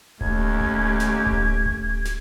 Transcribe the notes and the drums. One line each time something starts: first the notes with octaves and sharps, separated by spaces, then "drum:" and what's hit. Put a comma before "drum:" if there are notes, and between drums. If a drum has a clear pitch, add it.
D#2 A3 C#4 G4 G#6, drum: kick D1
drum: kick D1
drum: snare
drum: kick D1
drum: kick D1
drum: snare